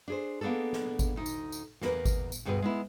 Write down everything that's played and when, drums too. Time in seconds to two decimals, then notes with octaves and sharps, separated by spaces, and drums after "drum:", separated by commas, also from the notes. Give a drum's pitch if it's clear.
0.08 D4 G#4 C5
0.41 A#3 B3 D4 G#4 A4
0.73 drum: snare
0.99 drum: kick G#1, tambourine
1.16 D2 D#4
1.26 drum: tambourine
1.52 drum: tambourine
1.81 E2 A#3 A#4 B4, drum: snare
2.05 drum: kick G#1, tambourine
2.32 drum: tambourine
2.45 D2 G2 B2 G#4 B4 G#5
2.62 G#3 B3 E4